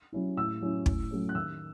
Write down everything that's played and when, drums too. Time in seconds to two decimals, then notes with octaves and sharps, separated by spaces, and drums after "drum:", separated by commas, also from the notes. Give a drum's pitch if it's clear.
0.13 F#3 C#4 E4
0.37 A2 E6
0.61 F#3 C#4 E4
0.86 A2, drum: kick
1.11 F#3 A3 C#4
1.29 F#6
1.35 D#3 E6